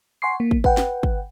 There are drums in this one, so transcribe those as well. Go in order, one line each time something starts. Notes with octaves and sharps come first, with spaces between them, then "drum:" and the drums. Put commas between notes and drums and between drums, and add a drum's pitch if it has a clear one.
F#5 G#5 C6 C#6 C7
A#3
drum: kick
B4 F#5 G5, drum: kick
drum: snare
drum: kick